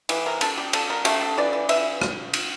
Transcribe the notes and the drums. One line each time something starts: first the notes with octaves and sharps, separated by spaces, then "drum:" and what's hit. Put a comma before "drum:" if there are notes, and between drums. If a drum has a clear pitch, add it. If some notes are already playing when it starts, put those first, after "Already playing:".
E3 G4, drum: cymbal
C3 A#4
G3 A4, drum: cymbal
G3 G4
G3 A4, drum: cymbal
G3 A#4
A3 G4, drum: cymbal
A3
E3 D5
E3
E3 E5, drum: cymbal
drum: rim click
drum: cymbal